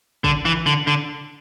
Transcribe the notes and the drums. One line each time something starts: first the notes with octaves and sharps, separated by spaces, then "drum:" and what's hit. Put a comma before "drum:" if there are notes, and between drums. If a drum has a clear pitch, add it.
D3, drum: kick
E3
D3
D3